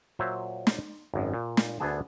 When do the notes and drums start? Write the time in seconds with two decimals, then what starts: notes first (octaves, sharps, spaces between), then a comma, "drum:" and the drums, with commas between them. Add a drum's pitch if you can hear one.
0.19 A#2 F#3 C5 E5
0.67 drum: snare
1.14 G#1 F#2
1.34 A#2
1.57 drum: snare
1.80 D2 D3 B3 G#4 A5